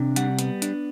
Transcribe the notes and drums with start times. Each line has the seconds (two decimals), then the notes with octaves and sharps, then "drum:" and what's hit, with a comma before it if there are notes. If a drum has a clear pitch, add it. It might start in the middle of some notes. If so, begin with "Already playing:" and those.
Already playing: C3 D4
0.16 G3 F#5, drum: hi-hat
0.39 B3, drum: hi-hat
0.62 D4, drum: hi-hat